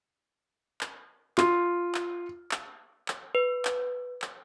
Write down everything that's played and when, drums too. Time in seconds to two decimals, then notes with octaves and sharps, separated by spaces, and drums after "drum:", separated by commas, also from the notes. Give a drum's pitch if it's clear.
0.81 drum: clap
1.38 F4, drum: clap
1.95 drum: clap
2.51 drum: clap
3.08 drum: clap
3.35 B4
3.65 drum: clap
4.22 drum: clap